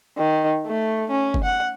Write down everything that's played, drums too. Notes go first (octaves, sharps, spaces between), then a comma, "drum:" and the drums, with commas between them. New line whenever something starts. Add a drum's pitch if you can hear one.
D#3
A3
C#4
drum: kick
F#5